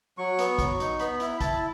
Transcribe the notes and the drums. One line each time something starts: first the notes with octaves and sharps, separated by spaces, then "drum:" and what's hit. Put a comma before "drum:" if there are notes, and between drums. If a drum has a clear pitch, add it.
F#3 C#6
B3, drum: hi-hat
F#3, drum: kick, hi-hat
D#4, drum: hi-hat
B3 B5, drum: hi-hat
E4 B5, drum: hi-hat
E4 A5, drum: kick, hi-hat